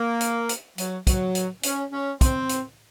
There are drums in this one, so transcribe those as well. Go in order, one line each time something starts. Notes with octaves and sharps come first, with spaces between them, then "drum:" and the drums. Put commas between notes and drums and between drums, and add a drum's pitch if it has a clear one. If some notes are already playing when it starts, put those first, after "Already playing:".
Already playing: A#3
drum: hi-hat
drum: hi-hat
F#3, drum: hi-hat
F#3, drum: kick, hi-hat
drum: hi-hat
C#4, drum: hi-hat
C#4
C4, drum: kick, hi-hat
drum: hi-hat